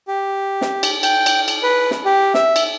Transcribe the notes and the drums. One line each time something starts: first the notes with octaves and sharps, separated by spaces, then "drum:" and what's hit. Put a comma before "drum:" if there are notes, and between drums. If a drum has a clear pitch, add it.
G4
drum: snare
drum: cymbal
G5, drum: cymbal
drum: cymbal
drum: cymbal
B4
drum: snare
G4
E5, drum: snare
drum: cymbal